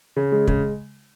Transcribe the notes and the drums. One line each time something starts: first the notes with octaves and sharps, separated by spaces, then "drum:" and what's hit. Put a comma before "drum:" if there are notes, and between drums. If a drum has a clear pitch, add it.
C#3
G#3
C#3, drum: kick